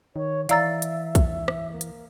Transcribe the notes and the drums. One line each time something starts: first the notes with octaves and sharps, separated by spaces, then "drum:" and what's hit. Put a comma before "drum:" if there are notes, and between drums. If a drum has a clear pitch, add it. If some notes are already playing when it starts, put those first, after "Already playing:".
D#3 C#5
E3 D5 E5 F5 A#5 E6 A6, drum: hi-hat
drum: hi-hat
drum: kick, hi-hat
drum: rim click
A#3
drum: hi-hat